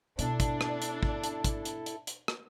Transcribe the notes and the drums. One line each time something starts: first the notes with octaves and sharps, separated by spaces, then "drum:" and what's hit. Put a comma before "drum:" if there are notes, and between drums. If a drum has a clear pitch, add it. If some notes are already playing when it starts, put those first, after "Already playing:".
B2 D4 E4 A4, drum: hi-hat
drum: kick, hi-hat
drum: rim click
drum: hi-hat
drum: kick
drum: hi-hat
drum: kick, hi-hat
drum: hi-hat
drum: hi-hat
drum: hi-hat
drum: rim click